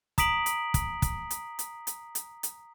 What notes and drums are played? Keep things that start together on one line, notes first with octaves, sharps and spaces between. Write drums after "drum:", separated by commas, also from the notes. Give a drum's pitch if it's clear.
A#5 D#6 B6 D7 F#7, drum: kick, hi-hat
drum: hi-hat
drum: kick, hi-hat
drum: kick, hi-hat
drum: hi-hat
drum: hi-hat
drum: hi-hat
drum: hi-hat
drum: hi-hat